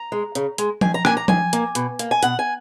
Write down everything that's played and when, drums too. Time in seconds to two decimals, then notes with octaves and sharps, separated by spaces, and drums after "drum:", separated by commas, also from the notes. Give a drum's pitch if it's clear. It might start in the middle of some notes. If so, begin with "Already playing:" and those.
Already playing: A#5
0.12 G#3
0.35 C#3, drum: hi-hat
0.58 G#3, drum: hi-hat
0.81 D#3 G#5, drum: tom F3
0.94 A#5
1.05 A#3 G#5, drum: rim click
1.17 A#5
1.28 D#3 G#5, drum: tom F3
1.53 A#3, drum: hi-hat
1.75 B2, drum: hi-hat
1.99 A#3, drum: hi-hat
2.11 G#5
2.23 B2 F#5, drum: hi-hat
2.39 G#5